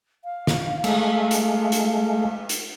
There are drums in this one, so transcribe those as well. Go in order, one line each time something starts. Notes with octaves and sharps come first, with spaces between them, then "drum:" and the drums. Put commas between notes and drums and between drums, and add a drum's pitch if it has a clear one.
F5
drum: snare
G#3 A3, drum: cymbal
drum: hi-hat
drum: hi-hat
drum: hi-hat